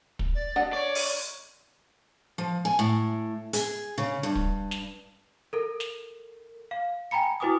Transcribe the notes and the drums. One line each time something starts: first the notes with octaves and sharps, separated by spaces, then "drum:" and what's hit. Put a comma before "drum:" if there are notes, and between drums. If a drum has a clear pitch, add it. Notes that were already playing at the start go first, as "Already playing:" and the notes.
drum: kick
D5
D4 D#5 F#5
C#5 D5
drum: open hi-hat
F3
G#5
A2
G#4, drum: hi-hat
C#3
G2
drum: kick
drum: snare
A4 A#4
drum: snare
F5
G5 G#5 A#5 B5 C#7
E4 F#4 B4 G#5 D6 D#6